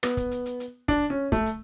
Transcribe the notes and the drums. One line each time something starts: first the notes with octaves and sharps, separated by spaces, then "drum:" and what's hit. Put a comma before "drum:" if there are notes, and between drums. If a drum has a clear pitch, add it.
B3, drum: rim click
drum: kick, hi-hat
drum: hi-hat
drum: hi-hat
drum: hi-hat
D4, drum: kick, hi-hat
C#4
A3, drum: kick, hi-hat
drum: hi-hat